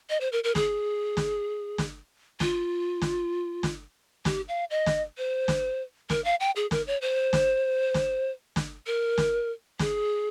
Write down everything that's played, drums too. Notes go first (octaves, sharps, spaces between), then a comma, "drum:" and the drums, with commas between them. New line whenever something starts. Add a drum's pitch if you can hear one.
D#5
C5
A#4
A#4
G#4, drum: snare
drum: snare
drum: snare
F4, drum: snare
drum: snare
drum: snare
G4, drum: snare
F5
D#5
drum: snare
C5
drum: snare
A#4, drum: snare
F5
G5
G#4
A#4, drum: snare
C#5
C5
drum: snare
drum: snare
drum: snare
A#4
drum: snare
G#4, drum: snare